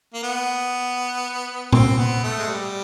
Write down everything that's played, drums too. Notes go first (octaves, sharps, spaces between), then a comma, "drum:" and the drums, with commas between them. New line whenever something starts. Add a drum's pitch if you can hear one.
A#3
B3
C4, drum: tom A#2
B3
A3
G#3
G3